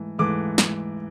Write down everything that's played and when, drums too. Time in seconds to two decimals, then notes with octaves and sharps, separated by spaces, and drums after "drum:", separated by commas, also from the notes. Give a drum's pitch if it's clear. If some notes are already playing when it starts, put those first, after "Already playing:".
Already playing: G#2 E3 A3
0.19 G#2 E3 A3 D6
0.58 drum: snare